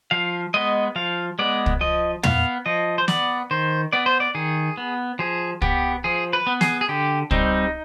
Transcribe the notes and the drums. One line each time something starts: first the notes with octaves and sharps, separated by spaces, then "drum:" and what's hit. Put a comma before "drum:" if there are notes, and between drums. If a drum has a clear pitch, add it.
F3 F5
G#3 B3 D#5
F3 F5
G#3 B3 D5
drum: kick
F3 D#5
B3 F5, drum: tom
F3 D#5
C5
B3 D5, drum: snare
D#3 C5
B3 D5
C5
D5
D#3 G#4
B3
F3 G#4
B3 G4, drum: kick
F3 G#4
B4
B3
G#4, drum: snare
G#4
D3 G4
G3 C4 D#4, drum: kick